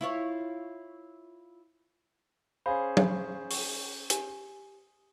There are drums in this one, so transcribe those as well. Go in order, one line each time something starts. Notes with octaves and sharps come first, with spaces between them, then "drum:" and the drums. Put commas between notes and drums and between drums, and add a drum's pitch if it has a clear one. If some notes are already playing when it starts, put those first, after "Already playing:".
E4 F4 C#5
C#4 G#4 C5 F5 B5
drum: tom F#3
C#6, drum: open hi-hat
G4 G#5, drum: hi-hat